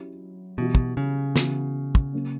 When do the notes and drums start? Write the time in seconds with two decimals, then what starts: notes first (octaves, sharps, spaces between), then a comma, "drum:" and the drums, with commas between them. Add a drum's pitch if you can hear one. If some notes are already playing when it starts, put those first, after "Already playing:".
Already playing: F#3 C#4 E4 G4
0.58 B2 E3 G3 B3 F#4
0.75 drum: kick
0.97 C#3
1.36 E3 B3 F#4, drum: snare
1.95 drum: kick
2.13 F#3 A#3 C#4